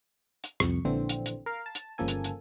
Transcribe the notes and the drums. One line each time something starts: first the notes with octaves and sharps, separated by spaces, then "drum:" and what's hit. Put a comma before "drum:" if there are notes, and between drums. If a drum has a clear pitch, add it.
drum: hi-hat
C2 F2 C#6, drum: rim click
A#1 D3 E3 C4
drum: hi-hat
drum: hi-hat
A#4 F5
A5
drum: hi-hat
G1 C#3 F3 A#3 A4 G#5
drum: hi-hat
drum: hi-hat